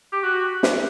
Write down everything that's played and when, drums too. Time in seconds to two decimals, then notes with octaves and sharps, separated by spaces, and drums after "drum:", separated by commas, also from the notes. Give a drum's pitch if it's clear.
0.12 G4
0.23 F#4
0.63 drum: snare